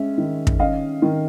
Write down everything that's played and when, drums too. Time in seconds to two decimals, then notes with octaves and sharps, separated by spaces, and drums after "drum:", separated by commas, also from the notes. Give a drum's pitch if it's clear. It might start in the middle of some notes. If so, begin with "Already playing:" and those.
Already playing: G#3 C#4 E5
0.18 D#3
0.47 drum: kick
0.59 C#4 D#5 F5
1.02 D#3